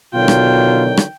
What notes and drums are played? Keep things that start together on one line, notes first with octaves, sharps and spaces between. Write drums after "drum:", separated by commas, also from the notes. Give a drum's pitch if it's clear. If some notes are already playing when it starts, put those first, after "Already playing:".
B2 D3 D#3 F#3 F4 G5
drum: rim click
drum: rim click